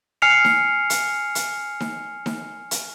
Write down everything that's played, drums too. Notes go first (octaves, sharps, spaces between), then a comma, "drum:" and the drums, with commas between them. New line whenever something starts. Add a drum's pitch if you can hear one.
G#5 F6 C7 C#7 F7
drum: snare D#4
drum: hi-hat
drum: hi-hat
drum: snare D#4
drum: snare D#4
drum: hi-hat